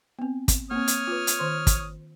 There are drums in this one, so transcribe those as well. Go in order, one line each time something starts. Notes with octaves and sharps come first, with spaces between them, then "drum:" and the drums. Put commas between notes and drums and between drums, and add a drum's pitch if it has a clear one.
B3 C4
drum: kick, hi-hat
A#3 C4 C#5 D#6 F6
drum: hi-hat
F4 B4
drum: hi-hat
D#3 C5 C6
drum: kick, hi-hat